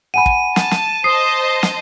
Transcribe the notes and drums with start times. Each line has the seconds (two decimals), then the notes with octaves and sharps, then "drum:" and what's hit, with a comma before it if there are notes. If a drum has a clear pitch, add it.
0.14 F#5 G#5 B5 D#7
0.26 drum: kick
0.56 A5, drum: snare
0.71 drum: snare
1.04 C5 D#5 A5 D#6 C7
1.63 drum: snare